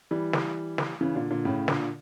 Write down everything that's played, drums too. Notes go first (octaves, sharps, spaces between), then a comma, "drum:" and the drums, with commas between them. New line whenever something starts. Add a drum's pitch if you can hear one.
E3 G3
drum: snare
drum: snare
C#3 E3
A#2 D3
A#2 D3
A2 C#3
A#2 D3, drum: snare